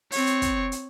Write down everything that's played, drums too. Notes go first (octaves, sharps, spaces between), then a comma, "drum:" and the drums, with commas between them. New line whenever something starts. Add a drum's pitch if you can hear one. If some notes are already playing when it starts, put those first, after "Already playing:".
C4 C#5, drum: open hi-hat
drum: hi-hat
drum: kick, hi-hat
drum: hi-hat